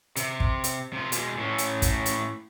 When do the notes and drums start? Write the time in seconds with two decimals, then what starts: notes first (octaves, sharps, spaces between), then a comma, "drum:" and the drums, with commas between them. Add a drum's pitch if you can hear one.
0.16 C3, drum: hi-hat
0.40 drum: kick
0.64 drum: hi-hat
0.93 C3 F4
1.12 B2 G#3, drum: hi-hat
1.39 A2 C#4
1.58 drum: hi-hat
1.82 drum: kick, hi-hat
2.06 drum: hi-hat